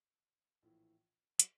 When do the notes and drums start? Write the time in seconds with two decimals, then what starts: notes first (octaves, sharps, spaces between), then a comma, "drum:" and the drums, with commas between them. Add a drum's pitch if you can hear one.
0.62 A#1 A2 E3
1.39 F#3, drum: hi-hat